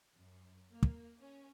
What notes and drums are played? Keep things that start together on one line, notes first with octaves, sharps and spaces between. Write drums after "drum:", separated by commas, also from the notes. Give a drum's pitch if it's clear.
F#2
A#3
drum: kick
C#4